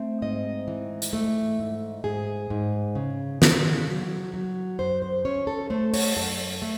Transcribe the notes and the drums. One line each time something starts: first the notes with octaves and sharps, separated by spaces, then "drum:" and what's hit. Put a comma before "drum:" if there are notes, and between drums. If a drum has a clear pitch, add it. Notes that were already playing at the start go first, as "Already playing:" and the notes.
Already playing: A3 C4
G#2 D#5
E3
drum: hi-hat
A3
G#2
G#2 G#4
G#2
C#3
C#3, drum: snare
F#3
F#3
F#2 C5
C5
C#4 C#5
A4
A3 C5
C#5, drum: open hi-hat
F#2 A4
A3